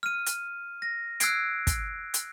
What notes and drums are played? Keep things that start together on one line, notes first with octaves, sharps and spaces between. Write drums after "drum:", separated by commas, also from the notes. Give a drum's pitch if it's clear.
F6 D#7
drum: hi-hat
A#6
E6 F#6 G#6 C7 D7, drum: hi-hat
drum: kick, hi-hat
drum: hi-hat